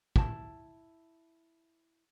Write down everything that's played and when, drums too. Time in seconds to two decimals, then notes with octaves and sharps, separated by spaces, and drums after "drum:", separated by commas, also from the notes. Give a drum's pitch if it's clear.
0.16 E4 A5, drum: kick